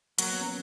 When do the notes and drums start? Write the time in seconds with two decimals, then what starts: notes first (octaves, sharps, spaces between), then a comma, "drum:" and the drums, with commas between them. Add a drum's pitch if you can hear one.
0.18 F#3 A#3, drum: hi-hat
0.29 B3
0.40 C#4